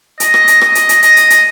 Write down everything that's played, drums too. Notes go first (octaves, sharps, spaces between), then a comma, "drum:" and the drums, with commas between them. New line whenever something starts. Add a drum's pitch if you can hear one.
D#5, drum: hi-hat
drum: rim click
drum: hi-hat
D#5, drum: rim click
drum: hi-hat
drum: hi-hat
D#5, drum: hi-hat
drum: hi-hat
drum: hi-hat